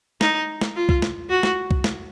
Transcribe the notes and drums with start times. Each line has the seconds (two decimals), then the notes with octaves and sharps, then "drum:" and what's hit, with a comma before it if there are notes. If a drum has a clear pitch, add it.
0.21 D#4, drum: snare
0.61 drum: snare
0.76 F4
0.89 drum: kick C2
1.02 drum: snare
1.30 F#4
1.43 drum: snare
1.71 drum: kick C2
1.84 drum: snare